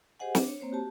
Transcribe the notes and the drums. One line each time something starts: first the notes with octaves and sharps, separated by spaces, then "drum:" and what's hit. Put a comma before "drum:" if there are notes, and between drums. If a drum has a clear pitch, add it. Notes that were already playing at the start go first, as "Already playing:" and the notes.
G4 G#4 C5 D#5 F#5 G#5
D4, drum: snare
C#5
A#3 C4 C5 C#5
F#4 G4 A5